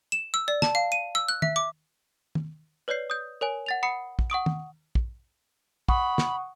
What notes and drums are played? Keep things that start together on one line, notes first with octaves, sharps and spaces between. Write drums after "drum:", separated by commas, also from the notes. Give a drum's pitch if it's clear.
E7
E6
D5
A5, drum: snare
F5
D#7
E6
F#6
E5, drum: tom D#3
D6
drum: tom D#3
B4 C#5 D5 G6 C7
D#6 G6
A#4 C#5 G#5
F#5 A6 F7
F#5 B5 D#6 C7 C#7
drum: kick
F#5 C#6 D#6 D7
drum: tom D#3
drum: kick
F#5 B5 C#6 D#6, drum: kick
drum: snare